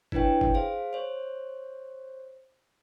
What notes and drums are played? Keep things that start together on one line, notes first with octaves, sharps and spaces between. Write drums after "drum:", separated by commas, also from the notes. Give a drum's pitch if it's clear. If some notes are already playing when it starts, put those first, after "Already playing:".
D4 E4 B4 C#5 G5, drum: kick G1
drum: kick G1
G#4 C5 F5
C5 C#5